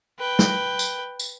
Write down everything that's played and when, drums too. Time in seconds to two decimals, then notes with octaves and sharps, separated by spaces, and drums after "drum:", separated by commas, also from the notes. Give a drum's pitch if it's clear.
0.19 B4 G5
0.39 drum: snare
0.79 drum: tambourine
1.19 drum: tambourine